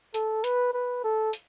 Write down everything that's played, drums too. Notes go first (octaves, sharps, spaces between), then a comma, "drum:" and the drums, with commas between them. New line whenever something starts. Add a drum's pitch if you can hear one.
A4, drum: hi-hat
B4, drum: hi-hat
B4
A4
drum: hi-hat